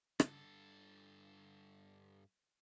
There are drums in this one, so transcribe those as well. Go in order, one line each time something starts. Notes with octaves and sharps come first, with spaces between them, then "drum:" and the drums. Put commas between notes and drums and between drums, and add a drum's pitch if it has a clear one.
G2 A4, drum: rim click